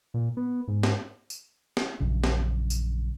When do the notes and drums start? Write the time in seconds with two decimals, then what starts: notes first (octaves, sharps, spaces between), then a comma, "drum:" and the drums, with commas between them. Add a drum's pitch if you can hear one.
0.14 A#2
0.37 B3
0.68 G#2
0.83 drum: snare
1.30 drum: tambourine
1.77 drum: snare
2.00 A#1 F#2 C#3
2.24 drum: snare
2.70 drum: tambourine